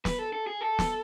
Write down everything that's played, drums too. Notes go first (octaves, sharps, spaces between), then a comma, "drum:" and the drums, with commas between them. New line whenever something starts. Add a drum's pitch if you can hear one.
B4, drum: snare
A4
A4
G#4
A4
drum: snare